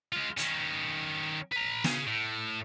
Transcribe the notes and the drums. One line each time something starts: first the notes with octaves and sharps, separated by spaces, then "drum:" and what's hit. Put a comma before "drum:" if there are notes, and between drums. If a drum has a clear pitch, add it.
G#3 F4
D#3 C#4, drum: hi-hat
B4 A#5
C#3 G#4, drum: snare
A2